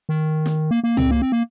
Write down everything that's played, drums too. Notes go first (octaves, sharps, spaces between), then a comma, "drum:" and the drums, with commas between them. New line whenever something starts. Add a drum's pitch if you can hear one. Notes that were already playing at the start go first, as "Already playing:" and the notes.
D#3
drum: snare
A#3
A#3
C4, drum: tom C#2
A#3
C4
A#3